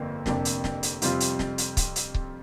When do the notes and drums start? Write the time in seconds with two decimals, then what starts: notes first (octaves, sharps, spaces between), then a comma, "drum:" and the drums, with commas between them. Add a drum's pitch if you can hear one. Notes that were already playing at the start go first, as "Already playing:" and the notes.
Already playing: G1 F2 D3 A#3
0.26 F1 F2 C3 A#3 D4, drum: snare
0.45 drum: hi-hat
0.64 drum: snare
0.83 drum: hi-hat
1.02 F2 C3 G3 C4 F4, drum: hi-hat
1.20 drum: hi-hat
1.39 drum: snare
1.58 drum: hi-hat
1.77 drum: kick C#1, hi-hat
1.96 drum: hi-hat
2.14 drum: kick C#1